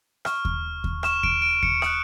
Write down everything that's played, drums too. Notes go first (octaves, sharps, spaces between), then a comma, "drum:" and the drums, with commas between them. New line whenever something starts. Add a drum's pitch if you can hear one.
C#6 F6, drum: rim click
drum: kick D#2
drum: kick D#2
C#6 F6 E7, drum: rim click
D7, drum: kick D#2
D7
C#7, drum: kick D#2
D#6 F#6, drum: rim click